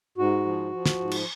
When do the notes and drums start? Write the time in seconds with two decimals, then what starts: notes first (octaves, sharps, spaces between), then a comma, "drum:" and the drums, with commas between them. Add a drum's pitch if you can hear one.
0.18 G#2 F#4
0.46 F3
0.72 F3
0.86 drum: snare
1.00 G#2
1.11 drum: cymbal